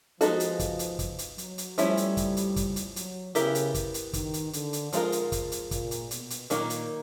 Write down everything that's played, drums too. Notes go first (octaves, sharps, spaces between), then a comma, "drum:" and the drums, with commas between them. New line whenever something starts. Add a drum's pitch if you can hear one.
F3 G#3 B3 D#4 F#4 A4, drum: hi-hat
drum: hi-hat
drum: kick, hi-hat
drum: hi-hat
drum: kick, hi-hat
drum: hi-hat
F#3, drum: hi-hat
drum: hi-hat
F3 G3 A3 C#4 E4, drum: hi-hat
drum: hi-hat
drum: kick, hi-hat
drum: hi-hat
drum: kick, hi-hat
drum: hi-hat
F#3, drum: hi-hat
C#3 B3 E4 G4 A#4, drum: hi-hat
drum: hi-hat
drum: kick, hi-hat
drum: hi-hat
D#3, drum: kick, hi-hat
drum: hi-hat
D3, drum: hi-hat
drum: hi-hat
G#2 F3 G#3 C#4 F4 A#4, drum: hi-hat
drum: hi-hat
drum: kick, hi-hat
drum: hi-hat
A#2, drum: kick, hi-hat
drum: hi-hat
B2, drum: hi-hat
drum: hi-hat
A#2 D#3 F#3 A#3 D#4, drum: hi-hat
drum: hi-hat